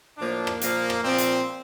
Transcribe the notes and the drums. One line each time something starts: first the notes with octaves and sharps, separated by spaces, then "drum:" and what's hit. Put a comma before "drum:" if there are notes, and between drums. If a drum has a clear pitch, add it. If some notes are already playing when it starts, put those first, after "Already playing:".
A2 F3 A#3 D4
drum: rim click
A#2 F3 A#3, drum: hi-hat
drum: rim click
A#2 F3 C4
drum: hi-hat